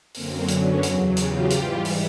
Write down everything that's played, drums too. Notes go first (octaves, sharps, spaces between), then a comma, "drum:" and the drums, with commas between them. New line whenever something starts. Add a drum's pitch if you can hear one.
F#2 D3 F#3 A#3 C4, drum: open hi-hat
B3 C#4, drum: hi-hat
E2 C#3 F#3, drum: hi-hat
F4 G4, drum: hi-hat
G#2 E3 G3, drum: hi-hat
drum: open hi-hat